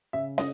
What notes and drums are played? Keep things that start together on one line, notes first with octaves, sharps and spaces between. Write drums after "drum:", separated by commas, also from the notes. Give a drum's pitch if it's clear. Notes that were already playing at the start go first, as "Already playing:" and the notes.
C#3 E5
D#5, drum: snare